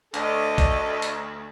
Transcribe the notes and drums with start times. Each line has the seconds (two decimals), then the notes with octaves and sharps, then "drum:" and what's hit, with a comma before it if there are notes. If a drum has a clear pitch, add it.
0.14 D2 A4 D5 D#5, drum: hi-hat
0.58 drum: kick A#1, hi-hat
1.02 drum: hi-hat